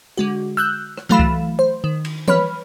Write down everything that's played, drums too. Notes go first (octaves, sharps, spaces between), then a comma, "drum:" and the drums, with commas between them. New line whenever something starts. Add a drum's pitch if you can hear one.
D3 G#3 F#4
E6 F#6 G6
drum: rim click
E3 F#3 A3 F5 B5 E7
drum: kick C2
C5
D#3
drum: cymbal
B4 C#5 B5 F6, drum: tom E3